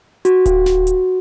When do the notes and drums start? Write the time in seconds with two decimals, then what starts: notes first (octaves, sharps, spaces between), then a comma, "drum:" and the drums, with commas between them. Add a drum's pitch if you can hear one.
0.25 F#4, drum: hi-hat
0.46 drum: kick D1, hi-hat
0.66 drum: snare D#1
0.87 drum: hi-hat